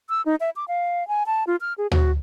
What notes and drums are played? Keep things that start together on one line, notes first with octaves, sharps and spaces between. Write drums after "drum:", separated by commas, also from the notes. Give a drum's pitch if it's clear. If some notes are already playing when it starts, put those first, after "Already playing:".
E6
D#4
E5
D6
F5
G#5
A5
F4
F6
G#4
F#4, drum: tom